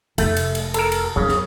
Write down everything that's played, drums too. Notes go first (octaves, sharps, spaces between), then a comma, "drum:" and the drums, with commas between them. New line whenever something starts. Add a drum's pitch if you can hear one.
F1 A3, drum: cymbal
drum: cymbal
drum: cymbal
A4 A#4, drum: cymbal
drum: cymbal
F#2 C#3
drum: snare